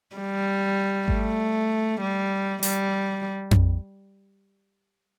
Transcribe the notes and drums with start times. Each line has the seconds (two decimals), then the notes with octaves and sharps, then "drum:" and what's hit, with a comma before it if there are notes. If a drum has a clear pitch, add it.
0.16 G3
1.08 A3, drum: kick G#1
2.01 G3
2.63 G3, drum: open hi-hat
3.51 drum: tom F2